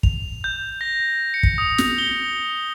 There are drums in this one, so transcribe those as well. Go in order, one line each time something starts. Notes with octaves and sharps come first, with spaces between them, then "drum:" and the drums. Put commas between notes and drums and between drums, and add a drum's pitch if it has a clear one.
F7, drum: kick
G6
A#6
C#7
drum: kick
D#6
drum: snare
G7